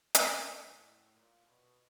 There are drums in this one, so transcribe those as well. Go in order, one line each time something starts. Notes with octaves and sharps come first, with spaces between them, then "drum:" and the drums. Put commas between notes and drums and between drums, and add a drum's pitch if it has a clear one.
A2, drum: hi-hat
A2
A#2
B2